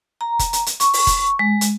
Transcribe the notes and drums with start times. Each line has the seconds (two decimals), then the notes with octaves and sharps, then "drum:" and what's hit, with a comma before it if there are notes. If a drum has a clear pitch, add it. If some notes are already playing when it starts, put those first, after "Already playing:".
0.21 A#5
0.39 drum: kick F1, hi-hat
0.53 drum: hi-hat
0.66 drum: hi-hat
0.80 C#6, drum: hi-hat
0.93 drum: open hi-hat
1.07 drum: kick F1, hi-hat
1.39 G#3
1.61 drum: hi-hat